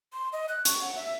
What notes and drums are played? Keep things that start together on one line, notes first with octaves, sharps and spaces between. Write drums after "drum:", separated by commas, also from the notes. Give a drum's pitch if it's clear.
C6
D#5
F#6
C#6, drum: hi-hat
F#5
E5